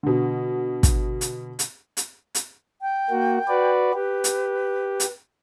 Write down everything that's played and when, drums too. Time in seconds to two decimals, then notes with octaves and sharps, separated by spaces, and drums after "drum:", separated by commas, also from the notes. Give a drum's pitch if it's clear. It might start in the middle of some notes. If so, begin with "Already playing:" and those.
0.03 B2 D3
0.83 drum: kick, hi-hat
1.21 drum: hi-hat
1.59 drum: hi-hat
1.97 drum: hi-hat
2.35 drum: hi-hat
2.81 G5
3.10 A#3 F#4
3.48 F#4 B4 D5
3.94 G4 B4
4.24 drum: hi-hat
5.00 drum: hi-hat